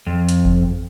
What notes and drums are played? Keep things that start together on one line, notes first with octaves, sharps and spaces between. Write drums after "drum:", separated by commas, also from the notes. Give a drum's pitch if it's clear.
F2
drum: hi-hat
drum: kick F#1